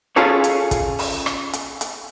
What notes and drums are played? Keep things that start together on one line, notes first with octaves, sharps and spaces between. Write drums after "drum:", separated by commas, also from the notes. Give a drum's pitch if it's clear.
C#4 F4 G#4 A4 C#5
drum: hi-hat
drum: kick, hi-hat
drum: open hi-hat
drum: rim click
drum: hi-hat
drum: hi-hat